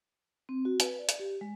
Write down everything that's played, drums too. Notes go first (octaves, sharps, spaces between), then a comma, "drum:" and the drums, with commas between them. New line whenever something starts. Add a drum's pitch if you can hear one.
C4
F#4
B4, drum: hi-hat
D5
drum: hi-hat
G4
G#3